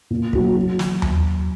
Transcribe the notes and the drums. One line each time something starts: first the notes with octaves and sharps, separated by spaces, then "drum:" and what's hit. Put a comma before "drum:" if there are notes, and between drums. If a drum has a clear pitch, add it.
A#2
F#3 A#3, drum: kick
F#3
drum: snare
drum: tom D#2